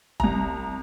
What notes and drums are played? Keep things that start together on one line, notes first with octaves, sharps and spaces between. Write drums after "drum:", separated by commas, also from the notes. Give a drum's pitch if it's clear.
C2 A#5, drum: kick F1